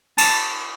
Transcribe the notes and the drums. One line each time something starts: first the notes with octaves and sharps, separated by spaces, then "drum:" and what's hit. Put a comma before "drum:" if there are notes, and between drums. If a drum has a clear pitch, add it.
A5, drum: cymbal